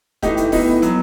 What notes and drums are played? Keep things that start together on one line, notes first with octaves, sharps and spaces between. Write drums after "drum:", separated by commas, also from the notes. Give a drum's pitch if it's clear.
E3 A3 D#4 G4, drum: kick D#1, hi-hat
drum: hi-hat
E3 B3 D#4, drum: kick D#1, open hi-hat
F#3 B3, drum: hi-hat